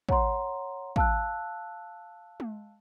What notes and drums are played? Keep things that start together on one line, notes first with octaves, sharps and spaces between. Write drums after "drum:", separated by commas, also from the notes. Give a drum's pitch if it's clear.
C#5 F#5 A#5 C6, drum: kick
F5 A5 E6 F#6, drum: kick
drum: tom G#3